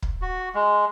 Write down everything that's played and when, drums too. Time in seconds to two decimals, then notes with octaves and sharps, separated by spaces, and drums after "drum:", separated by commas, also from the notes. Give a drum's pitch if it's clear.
0.02 drum: kick
0.22 F#4
0.55 G#3